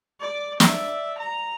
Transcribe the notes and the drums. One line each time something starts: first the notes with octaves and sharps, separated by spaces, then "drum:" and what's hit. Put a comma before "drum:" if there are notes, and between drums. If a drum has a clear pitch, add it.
D5 D6
D5 E5, drum: snare
A#5